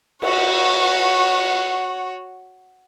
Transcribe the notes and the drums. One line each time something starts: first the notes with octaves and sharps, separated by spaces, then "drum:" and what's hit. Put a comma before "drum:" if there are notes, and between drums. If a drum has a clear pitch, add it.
F#4 C#5 F#5, drum: cymbal